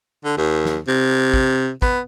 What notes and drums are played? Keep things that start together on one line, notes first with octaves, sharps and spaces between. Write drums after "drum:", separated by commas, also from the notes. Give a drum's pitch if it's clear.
D3
D#2
drum: snare
C3
drum: kick
B3, drum: kick